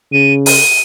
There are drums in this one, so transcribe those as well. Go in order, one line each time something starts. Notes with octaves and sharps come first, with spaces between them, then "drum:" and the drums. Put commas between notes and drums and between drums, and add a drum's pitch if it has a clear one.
C#3 D#7
D#7, drum: open hi-hat